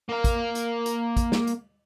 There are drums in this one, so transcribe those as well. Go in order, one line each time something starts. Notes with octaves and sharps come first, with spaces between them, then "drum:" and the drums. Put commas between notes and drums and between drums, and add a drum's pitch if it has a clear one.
A#3 F5
drum: kick, hi-hat
drum: hi-hat
drum: hi-hat
drum: kick, hi-hat
drum: snare
drum: hi-hat